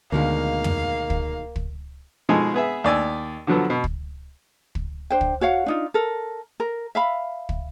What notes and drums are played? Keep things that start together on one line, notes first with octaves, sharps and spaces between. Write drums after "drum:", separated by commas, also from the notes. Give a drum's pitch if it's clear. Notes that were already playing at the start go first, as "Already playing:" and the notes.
D2 B2 D3 D#3 G#3 A#3 F5
drum: tom
drum: kick
drum: kick
B2 F3 G#3 D#4 G#4 A4
B3 G#4 E5
D#2 D5 G#5 E6
D3 F3 F#3 B3 A4
B2
drum: kick
drum: kick
D4 C5 G5
drum: kick
F#4 C#5 F5 F#5
D4 D#4 F4
A4 A#4
A#4
E5 F5 B5
drum: kick